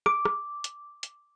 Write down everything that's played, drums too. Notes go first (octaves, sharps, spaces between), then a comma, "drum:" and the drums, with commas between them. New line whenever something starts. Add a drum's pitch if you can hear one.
D6, drum: rim click
drum: rim click
drum: hi-hat
drum: hi-hat